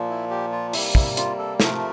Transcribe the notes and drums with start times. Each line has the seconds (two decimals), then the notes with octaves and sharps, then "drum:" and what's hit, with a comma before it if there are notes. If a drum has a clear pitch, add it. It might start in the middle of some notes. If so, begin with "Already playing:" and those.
Already playing: A#2 F3 A#3
0.10 E4
0.31 G4
0.52 F4
0.73 C3 G3 A#3 E4, drum: open hi-hat
0.95 E4, drum: kick
1.17 F4, drum: hi-hat
1.39 A4
1.60 C3 F3 A3 A#4, drum: snare